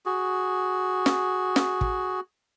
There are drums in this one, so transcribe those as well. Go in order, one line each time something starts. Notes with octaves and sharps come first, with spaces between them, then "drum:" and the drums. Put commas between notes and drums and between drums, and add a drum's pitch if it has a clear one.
F#4 G#4
drum: snare
drum: snare
drum: kick